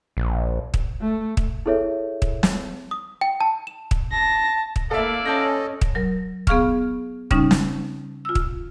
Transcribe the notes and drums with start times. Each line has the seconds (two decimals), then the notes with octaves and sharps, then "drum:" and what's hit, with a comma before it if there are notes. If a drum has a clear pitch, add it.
0.17 A#1
0.74 drum: kick
1.00 A3
1.37 drum: kick
1.66 E4 G#4 A4 C#5 E5
2.22 drum: kick
2.43 drum: snare
2.91 D#6
3.21 G5
3.41 A5
3.67 E7
3.91 drum: kick
4.12 A5 A#6
4.76 drum: kick
4.91 A#3 E4 A4 D5 E5 F5
5.26 C#4 A4 D#5 A5 G6 A#6
5.81 drum: kick
5.95 F#3 A#4
6.47 B3 G#4 F5 C#6 F6, drum: kick
7.31 C#3 G3 C#4 D#4, drum: kick
7.51 drum: snare
8.25 F4 E6
8.35 drum: kick